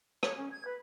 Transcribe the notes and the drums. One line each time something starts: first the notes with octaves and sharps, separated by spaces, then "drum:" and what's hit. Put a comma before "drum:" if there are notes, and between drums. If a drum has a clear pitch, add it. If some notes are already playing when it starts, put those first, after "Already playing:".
C#5, drum: rim click
C#4
G#6
B4